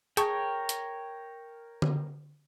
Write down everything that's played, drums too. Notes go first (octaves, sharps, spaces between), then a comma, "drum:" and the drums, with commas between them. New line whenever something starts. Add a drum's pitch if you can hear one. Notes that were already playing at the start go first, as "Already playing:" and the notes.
G#4 A#4 C#5 G5 A5 C#6, drum: hi-hat
drum: hi-hat
drum: tom D3